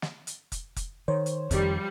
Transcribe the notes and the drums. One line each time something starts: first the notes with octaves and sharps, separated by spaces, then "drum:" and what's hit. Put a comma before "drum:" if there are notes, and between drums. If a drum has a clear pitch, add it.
drum: snare
drum: hi-hat
drum: kick F1, hi-hat
drum: kick F1, hi-hat
D#3 C5 C#5
drum: hi-hat
F2 D#3 F3 G3, drum: kick F1, hi-hat